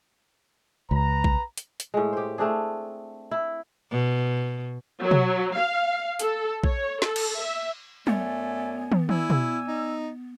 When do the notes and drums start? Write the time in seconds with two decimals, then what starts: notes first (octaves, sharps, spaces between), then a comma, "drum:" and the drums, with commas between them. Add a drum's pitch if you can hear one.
0.91 C#2 B4 A#5
1.24 drum: kick A#1
1.57 drum: hi-hat
1.80 drum: hi-hat
1.94 A2 G#3
2.13 G4 C5
2.38 A3 C4 D4 G#4
3.31 E4
3.91 B2
5.01 F#3
5.11 drum: tom B2
5.57 F5
6.19 A4, drum: hi-hat
6.64 C#5, drum: kick A#1
7.02 A4, drum: snare
7.16 drum: cymbal
7.41 E5
8.07 F#2 A3 B3 D5 G#5, drum: tom
8.92 drum: tom
9.09 E4 D5 G#5 E6, drum: tom
9.30 drum: tom B2
9.68 D#4